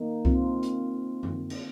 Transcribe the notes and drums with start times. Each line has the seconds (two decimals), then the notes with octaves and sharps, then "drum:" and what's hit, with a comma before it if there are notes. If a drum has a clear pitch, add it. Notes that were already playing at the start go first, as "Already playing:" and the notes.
Already playing: A#3 D#4
0.25 C4 F4, drum: kick C2
0.63 drum: hi-hat
1.23 drum: tom
1.50 drum: cymbal